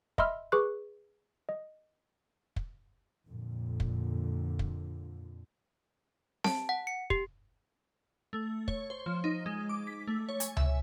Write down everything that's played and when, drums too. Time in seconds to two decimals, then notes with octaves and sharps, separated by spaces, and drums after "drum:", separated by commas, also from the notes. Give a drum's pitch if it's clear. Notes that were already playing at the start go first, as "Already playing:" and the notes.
0.18 D#5 E5 B5 C6 E6 F6, drum: kick
0.52 G#4 B4 C#6 D6 F#6
1.49 D#5
2.56 drum: kick
3.28 F2 A#2 D3
3.80 drum: kick
4.59 drum: kick
6.44 A5, drum: snare C4
6.69 F#5
6.87 C#7
7.10 G4, drum: kick
8.33 A3
8.68 C#5, drum: kick
8.90 C5
9.06 F3
9.24 D#4
9.46 G#3
9.69 D6
9.87 B6
10.07 A3
10.29 C#5
10.40 G#5, drum: hi-hat
10.57 E5, drum: tom C#2